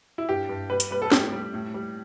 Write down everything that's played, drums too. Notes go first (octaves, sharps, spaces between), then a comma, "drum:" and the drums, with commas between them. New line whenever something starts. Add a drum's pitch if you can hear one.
E4
G2 G4
G2
G3 B4
drum: hi-hat
G3 B4
A4
A2 G4, drum: snare
G3
A2
G3